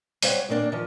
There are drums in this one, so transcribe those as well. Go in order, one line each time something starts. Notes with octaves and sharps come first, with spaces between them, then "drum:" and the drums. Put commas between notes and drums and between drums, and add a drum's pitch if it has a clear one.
G3 C5 C#5 F5 F#5, drum: hi-hat
A#2 D#3 A#3 D4
D#3 F3